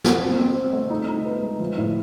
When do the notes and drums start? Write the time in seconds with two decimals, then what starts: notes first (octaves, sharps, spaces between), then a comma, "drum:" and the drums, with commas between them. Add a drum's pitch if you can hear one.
0.04 drum: snare
0.21 C4
0.38 C4
0.55 C4
0.73 A3
0.90 D#4
1.08 D#4
1.25 B3
1.42 G#3
1.60 F3
1.78 A2